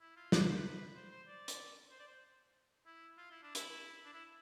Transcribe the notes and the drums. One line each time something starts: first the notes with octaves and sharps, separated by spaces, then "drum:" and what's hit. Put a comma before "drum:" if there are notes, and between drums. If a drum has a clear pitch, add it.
E4
F4
B4, drum: snare
C5
B4
C5
C5
D5
drum: hi-hat
C5
D5
C5
E4
F4
E4
D4
E4, drum: hi-hat
D4
E4